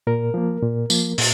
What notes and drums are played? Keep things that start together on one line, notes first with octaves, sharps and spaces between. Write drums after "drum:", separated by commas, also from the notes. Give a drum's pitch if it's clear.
A#2 A#4
F3 A#3
A#2
F3 A#3, drum: tambourine
A#2, drum: open hi-hat